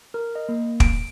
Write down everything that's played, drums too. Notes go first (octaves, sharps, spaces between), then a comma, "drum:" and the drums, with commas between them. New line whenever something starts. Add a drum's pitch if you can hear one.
A#4
D#5
A#3
D7, drum: kick